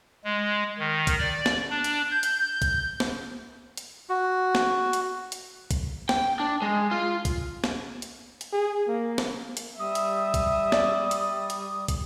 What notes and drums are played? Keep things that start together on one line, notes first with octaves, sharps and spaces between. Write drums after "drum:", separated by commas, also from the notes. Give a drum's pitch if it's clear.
G#3
D#3
drum: kick, hi-hat
D5
drum: snare
D4
drum: hi-hat
G6
drum: hi-hat
drum: kick, hi-hat
drum: snare
drum: hi-hat
F#4
drum: snare
drum: hi-hat
drum: hi-hat
drum: kick, hi-hat
G5, drum: snare
D4
G#3
F4
drum: kick, hi-hat
drum: snare
drum: hi-hat
drum: hi-hat
G#4
A#3
drum: snare
drum: hi-hat
G3 E5 D#6
drum: hi-hat
drum: kick, hi-hat
D5, drum: snare
drum: hi-hat
drum: hi-hat
drum: kick, hi-hat